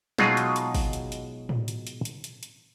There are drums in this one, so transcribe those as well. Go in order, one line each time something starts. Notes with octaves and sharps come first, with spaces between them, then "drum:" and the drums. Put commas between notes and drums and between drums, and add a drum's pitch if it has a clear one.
B2 F#3 G#3 D#4 F4 G#4, drum: snare
drum: hi-hat
drum: hi-hat
drum: kick, open hi-hat
drum: hi-hat
drum: hi-hat
drum: tom A2
drum: hi-hat
drum: hi-hat
drum: hi-hat
drum: hi-hat
drum: hi-hat